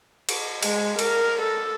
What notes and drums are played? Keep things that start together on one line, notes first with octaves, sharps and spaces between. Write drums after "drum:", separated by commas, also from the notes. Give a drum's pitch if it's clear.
drum: cymbal
G#3, drum: cymbal
A#4, drum: cymbal
A4